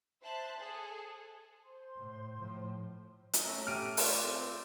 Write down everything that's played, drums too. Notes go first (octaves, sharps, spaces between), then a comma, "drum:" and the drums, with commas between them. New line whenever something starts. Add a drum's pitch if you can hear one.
C5 E5 A5 F#6
G#4 A4
C5 C6
A2
A2 F3
drum: hi-hat
A3 C#4 E5 A#5
G4 F6 D7 D#7
F4 D5, drum: open hi-hat
C4